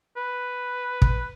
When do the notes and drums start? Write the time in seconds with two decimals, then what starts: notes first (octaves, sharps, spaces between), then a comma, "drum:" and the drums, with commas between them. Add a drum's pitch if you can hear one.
0.17 B4
1.02 drum: kick